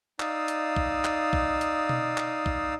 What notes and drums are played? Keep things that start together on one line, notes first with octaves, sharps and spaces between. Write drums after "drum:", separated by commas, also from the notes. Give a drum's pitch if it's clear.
D#4 D5 F5 D#6 E6, drum: clap
drum: hi-hat
drum: kick A#1
drum: clap
drum: kick A#1
drum: hi-hat
drum: tom B2
drum: clap
drum: kick A#1